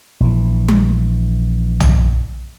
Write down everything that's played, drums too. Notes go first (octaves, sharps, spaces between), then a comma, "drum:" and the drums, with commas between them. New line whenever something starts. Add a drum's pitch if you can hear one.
A#1 E3
drum: tom G3
drum: tom